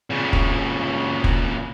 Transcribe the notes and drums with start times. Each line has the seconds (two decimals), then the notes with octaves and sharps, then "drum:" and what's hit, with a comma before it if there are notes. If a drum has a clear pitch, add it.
0.10 A#2 C#3
0.33 drum: kick
1.24 drum: kick